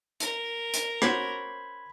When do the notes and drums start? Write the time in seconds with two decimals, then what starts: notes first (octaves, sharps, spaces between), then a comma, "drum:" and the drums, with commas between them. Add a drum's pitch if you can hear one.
0.20 A#4, drum: hi-hat
0.74 drum: hi-hat
1.02 C#4 F#4 C5 B5 G#6, drum: rim click